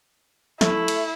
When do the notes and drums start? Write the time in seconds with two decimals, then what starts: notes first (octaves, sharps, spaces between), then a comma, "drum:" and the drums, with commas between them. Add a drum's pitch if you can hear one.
0.61 A3 E4, drum: snare
0.88 drum: cymbal